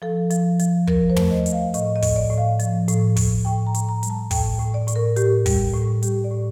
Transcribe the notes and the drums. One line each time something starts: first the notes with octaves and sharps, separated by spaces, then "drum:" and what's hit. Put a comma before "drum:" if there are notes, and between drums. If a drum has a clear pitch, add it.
F3 A4
F3, drum: hi-hat
F3, drum: hi-hat
F3 A#4, drum: kick
C5
A3, drum: tom
D#5
A3, drum: hi-hat
F5
A2 D#5, drum: hi-hat
D#5
A2, drum: kick, open hi-hat
D5
A2
F5
F3, drum: hi-hat
A2, drum: hi-hat
A2, drum: kick, open hi-hat
A2 G5
A#5
A2, drum: hi-hat
A#5
G3, drum: hi-hat
A5
A2 G5, drum: kick, open hi-hat
A2
D5
A2, drum: hi-hat
A#4
A2 G4, drum: hi-hat
G3, drum: kick, open hi-hat
A2
G3 G4, drum: hi-hat
D5
A2